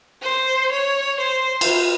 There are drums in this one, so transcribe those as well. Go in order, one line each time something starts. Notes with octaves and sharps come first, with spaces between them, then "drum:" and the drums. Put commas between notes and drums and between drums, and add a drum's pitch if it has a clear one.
C5
C#5
C5
drum: cymbal